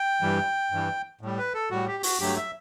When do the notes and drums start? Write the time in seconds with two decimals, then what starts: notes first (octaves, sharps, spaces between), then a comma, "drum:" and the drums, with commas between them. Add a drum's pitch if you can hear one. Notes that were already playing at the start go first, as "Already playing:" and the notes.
Already playing: G5
0.21 G2 E3 G3
0.71 G2 E3 G3
1.21 A2 G3
1.38 B4
1.54 A4
1.70 A2 G3 F#4
1.87 G4
2.03 F#4, drum: open hi-hat
2.20 G2 F#3 A3 G4
2.36 E5